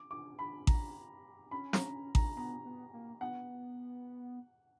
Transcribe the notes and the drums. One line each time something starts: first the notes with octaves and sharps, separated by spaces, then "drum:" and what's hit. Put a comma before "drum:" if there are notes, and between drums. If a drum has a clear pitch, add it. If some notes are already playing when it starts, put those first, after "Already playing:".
Already playing: D6
D6
B5
A#5, drum: kick A1
C#4 B5
A#5, drum: snare
A#5, drum: kick A1
B3 A#5
B3
A#3
B3 F#5